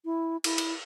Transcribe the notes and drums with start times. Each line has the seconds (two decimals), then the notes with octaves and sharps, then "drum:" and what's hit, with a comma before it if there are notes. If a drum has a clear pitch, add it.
0.05 E4
0.44 E4, drum: cymbal
0.58 drum: cymbal